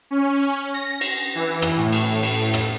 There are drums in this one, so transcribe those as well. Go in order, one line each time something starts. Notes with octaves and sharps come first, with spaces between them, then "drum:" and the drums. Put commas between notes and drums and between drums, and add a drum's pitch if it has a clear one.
C#4
A#6
drum: cymbal
E3
drum: rim click
A2
drum: cymbal
drum: cymbal
drum: rim click